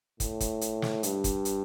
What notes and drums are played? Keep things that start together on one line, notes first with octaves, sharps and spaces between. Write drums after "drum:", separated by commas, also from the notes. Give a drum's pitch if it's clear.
A2, drum: kick, hi-hat
drum: kick, hi-hat
drum: hi-hat
drum: snare
G2, drum: hi-hat
drum: kick, hi-hat
drum: hi-hat